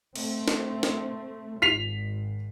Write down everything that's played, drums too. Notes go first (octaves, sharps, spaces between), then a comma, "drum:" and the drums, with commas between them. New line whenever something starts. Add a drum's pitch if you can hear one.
A3 C4, drum: cymbal
drum: snare
drum: snare
G#1 B6 C7 F7